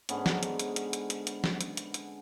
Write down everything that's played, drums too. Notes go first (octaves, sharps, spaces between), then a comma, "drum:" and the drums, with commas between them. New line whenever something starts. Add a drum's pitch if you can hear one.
G#2 D3 B3 C#4, drum: hi-hat
drum: snare
drum: hi-hat
drum: hi-hat
drum: hi-hat
drum: hi-hat
drum: hi-hat
drum: hi-hat
drum: snare
drum: hi-hat
drum: hi-hat
drum: hi-hat